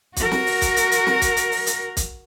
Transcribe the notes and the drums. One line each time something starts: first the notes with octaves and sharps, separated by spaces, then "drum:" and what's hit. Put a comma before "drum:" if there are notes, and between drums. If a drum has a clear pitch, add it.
F#4 A#4, drum: kick B1, hi-hat
drum: snare
drum: open hi-hat
drum: kick B1, hi-hat
drum: hi-hat
drum: hi-hat
drum: snare
drum: kick B1, hi-hat
drum: hi-hat
drum: open hi-hat
drum: hi-hat
drum: kick B1, hi-hat